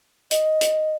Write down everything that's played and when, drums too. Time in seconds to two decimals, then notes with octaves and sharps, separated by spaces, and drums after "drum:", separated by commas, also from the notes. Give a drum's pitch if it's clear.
0.31 D#5, drum: hi-hat
0.61 drum: hi-hat